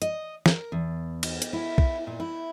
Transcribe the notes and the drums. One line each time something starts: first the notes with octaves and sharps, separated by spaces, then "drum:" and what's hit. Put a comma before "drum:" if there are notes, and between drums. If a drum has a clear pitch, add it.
D#5, drum: hi-hat
A#4, drum: snare
E2
drum: cymbal
drum: hi-hat
E4
drum: kick
A#2
E4